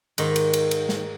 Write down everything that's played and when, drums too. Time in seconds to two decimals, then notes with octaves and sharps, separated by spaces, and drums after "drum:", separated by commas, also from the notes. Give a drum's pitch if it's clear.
0.18 G#2 D#3, drum: cymbal
0.36 drum: cymbal
0.54 drum: cymbal
0.71 drum: cymbal
0.89 drum: snare